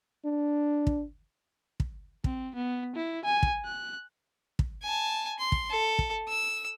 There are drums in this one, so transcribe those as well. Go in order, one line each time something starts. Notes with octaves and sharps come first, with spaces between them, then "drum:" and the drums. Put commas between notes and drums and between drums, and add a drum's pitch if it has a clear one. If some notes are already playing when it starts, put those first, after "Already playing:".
D4
drum: kick
drum: kick
C4, drum: kick
B3
E4
G#5
drum: kick
F#6
drum: kick
G#5 A5
C6
drum: kick
A4
drum: kick
E6